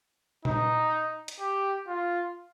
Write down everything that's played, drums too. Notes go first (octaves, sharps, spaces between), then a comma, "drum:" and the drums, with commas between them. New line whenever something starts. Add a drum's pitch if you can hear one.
D#4, drum: tom A#2
drum: hi-hat
G4
F4